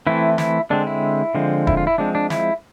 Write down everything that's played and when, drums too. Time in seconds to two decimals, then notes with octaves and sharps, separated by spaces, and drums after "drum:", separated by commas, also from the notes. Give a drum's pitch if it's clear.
0.07 E3 A3 C4 E4
0.38 E4, drum: snare
0.70 D3 G#3 C4 D4
0.87 E4
1.35 D3 F3 G#3 C4
1.67 E4, drum: kick E1
1.77 F4
1.87 E4
1.98 F3 G#3 C4 D4
2.15 D4
2.30 E4, drum: snare